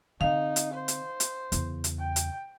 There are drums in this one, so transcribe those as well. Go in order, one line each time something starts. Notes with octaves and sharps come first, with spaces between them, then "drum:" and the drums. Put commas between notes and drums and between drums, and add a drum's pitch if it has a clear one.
D3 C4 D#4 F5
drum: hi-hat
C5
drum: hi-hat
drum: hi-hat
E2 C#3, drum: hi-hat
drum: hi-hat
G5
drum: hi-hat